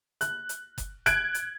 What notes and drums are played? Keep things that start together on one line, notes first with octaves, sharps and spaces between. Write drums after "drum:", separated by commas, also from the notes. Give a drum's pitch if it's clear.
F#6, drum: hi-hat
drum: hi-hat
drum: kick F#1, hi-hat
F#6 G#6 D7, drum: kick F#1, hi-hat
drum: hi-hat